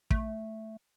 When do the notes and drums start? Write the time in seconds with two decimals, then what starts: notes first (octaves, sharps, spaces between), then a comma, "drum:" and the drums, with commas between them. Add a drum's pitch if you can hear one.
0.11 A3, drum: kick